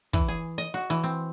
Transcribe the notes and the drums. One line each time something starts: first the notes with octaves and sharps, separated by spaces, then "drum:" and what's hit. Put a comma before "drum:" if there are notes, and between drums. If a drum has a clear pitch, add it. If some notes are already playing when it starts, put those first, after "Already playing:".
E3, drum: kick, hi-hat
G#4
D#5, drum: hi-hat
F#4
E3
C4